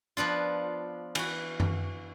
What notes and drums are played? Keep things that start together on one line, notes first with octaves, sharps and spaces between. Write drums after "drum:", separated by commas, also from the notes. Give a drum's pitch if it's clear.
F3 B3 D4 F4
E3 F#4, drum: cymbal
drum: tom F#2